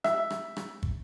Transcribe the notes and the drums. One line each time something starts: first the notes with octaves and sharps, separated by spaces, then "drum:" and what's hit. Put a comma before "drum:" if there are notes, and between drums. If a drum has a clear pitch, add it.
E5, drum: rim click
drum: rim click
drum: rim click
drum: kick